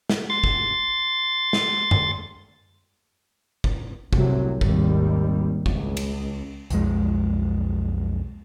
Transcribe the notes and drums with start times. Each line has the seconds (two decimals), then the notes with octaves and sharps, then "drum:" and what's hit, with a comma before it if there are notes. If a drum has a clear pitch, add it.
0.10 drum: snare
0.30 C6 A6
0.44 drum: kick
1.53 drum: snare
1.91 drum: tom F#2
3.64 drum: kick
4.13 C2 A2 C3 F#3, drum: kick
4.61 G#1 D#2 G3, drum: kick
5.66 C#2, drum: kick
5.97 drum: cymbal
6.70 B1 F2 G#3, drum: hi-hat